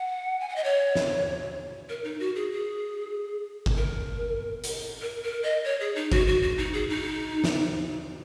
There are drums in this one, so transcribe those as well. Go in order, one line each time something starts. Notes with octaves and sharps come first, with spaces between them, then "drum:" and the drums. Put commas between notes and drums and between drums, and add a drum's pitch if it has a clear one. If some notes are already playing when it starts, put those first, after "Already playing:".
Already playing: F#5
G#5
F#5
D#5
C#5
drum: snare
A#4
D#4
F#4
G#4
G#4
drum: kick G1
A#4
drum: hi-hat
A#4
A#4
D#5
C#5
G#4
D#4
F#4, drum: kick G1
F#4
F#4
D#4
G#4
D#4
drum: snare